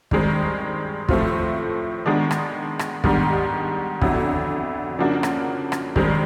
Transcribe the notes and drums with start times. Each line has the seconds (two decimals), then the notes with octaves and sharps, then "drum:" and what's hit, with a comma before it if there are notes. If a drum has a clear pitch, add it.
0.11 G2 D#3 G#3 C4, drum: kick
1.09 A2 F3 A3 C4 F4, drum: kick
2.06 D#3 G#3 B3 D4
2.31 drum: rim click
2.79 drum: rim click
3.04 G#2 D#3 G3 B3 D4, drum: kick
4.01 F2 D3 F#3 B3 E4, drum: kick
4.99 C#3 F3 A#3 D4 F#4
5.23 drum: rim click
5.72 drum: rim click
5.96 G2 D#3 G#3 C4, drum: kick